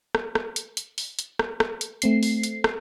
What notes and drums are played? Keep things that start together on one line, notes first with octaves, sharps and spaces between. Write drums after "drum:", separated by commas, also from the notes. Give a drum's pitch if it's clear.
drum: rim click
drum: rim click
drum: hi-hat
drum: hi-hat
drum: open hi-hat
drum: hi-hat
drum: rim click
drum: rim click
drum: hi-hat
A3 C4 C7, drum: hi-hat
drum: open hi-hat
drum: hi-hat
drum: rim click